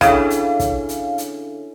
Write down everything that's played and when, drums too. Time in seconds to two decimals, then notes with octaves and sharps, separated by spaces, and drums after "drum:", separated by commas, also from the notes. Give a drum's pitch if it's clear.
0.01 C#3 C#4 D4 E4 A4 E5 F5, drum: kick, hi-hat
0.30 drum: hi-hat
0.59 drum: kick, hi-hat
0.89 drum: hi-hat
1.18 drum: hi-hat